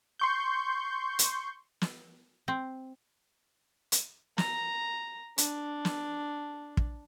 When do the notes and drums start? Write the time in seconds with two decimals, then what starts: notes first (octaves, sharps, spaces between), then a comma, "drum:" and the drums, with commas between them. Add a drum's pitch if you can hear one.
0.19 C6 C#6 G6
1.19 drum: hi-hat
1.81 drum: snare
2.48 C4
3.92 drum: hi-hat
4.38 A#5, drum: snare
5.38 D4, drum: hi-hat
5.85 drum: snare
6.77 drum: kick